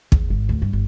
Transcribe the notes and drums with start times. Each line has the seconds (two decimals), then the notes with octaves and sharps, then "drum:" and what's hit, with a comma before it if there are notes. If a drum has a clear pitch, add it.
0.12 E2, drum: kick
0.30 G#1
0.49 D2
0.62 G2
0.73 G1